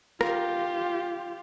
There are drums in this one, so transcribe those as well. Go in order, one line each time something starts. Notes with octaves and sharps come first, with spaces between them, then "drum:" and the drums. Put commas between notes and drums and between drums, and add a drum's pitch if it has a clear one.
F4 G4, drum: rim click